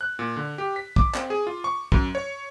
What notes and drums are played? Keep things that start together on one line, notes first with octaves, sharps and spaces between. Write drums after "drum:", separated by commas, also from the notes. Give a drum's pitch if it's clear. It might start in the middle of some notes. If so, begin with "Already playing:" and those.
F#6
A#2
D3
G4
B6
D6, drum: kick
C4, drum: clap
G#4
F4
C#6
F#2, drum: kick
C#5